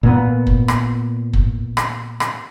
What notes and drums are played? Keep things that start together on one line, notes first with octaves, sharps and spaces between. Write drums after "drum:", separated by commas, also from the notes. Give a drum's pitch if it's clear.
A#2 B3
drum: kick
drum: rim click
drum: kick
drum: rim click
drum: rim click